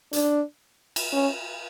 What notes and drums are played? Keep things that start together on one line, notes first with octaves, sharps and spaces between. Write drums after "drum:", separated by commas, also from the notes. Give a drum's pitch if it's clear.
D4, drum: hi-hat
drum: cymbal
C#4